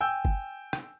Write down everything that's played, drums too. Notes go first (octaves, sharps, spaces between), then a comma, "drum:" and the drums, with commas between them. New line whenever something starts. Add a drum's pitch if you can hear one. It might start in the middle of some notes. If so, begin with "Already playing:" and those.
G5 G#5 E6 G6
drum: kick
drum: rim click